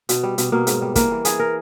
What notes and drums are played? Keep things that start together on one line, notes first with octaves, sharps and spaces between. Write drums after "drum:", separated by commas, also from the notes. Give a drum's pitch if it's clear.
B2, drum: hi-hat
G3
B2, drum: hi-hat
B2 A#3
G#2, drum: hi-hat
G3
E3 A#3, drum: kick, hi-hat
E3
E3 G#4, drum: hi-hat
A#4